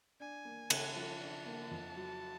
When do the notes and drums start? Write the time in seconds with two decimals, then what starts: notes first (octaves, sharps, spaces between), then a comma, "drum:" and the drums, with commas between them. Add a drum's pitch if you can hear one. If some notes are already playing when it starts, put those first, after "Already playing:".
0.20 D4 G#5
0.45 A#3
0.70 C#3, drum: cymbal
0.95 F3 A5
1.20 D4
1.46 A#3
1.71 F2
1.96 F#3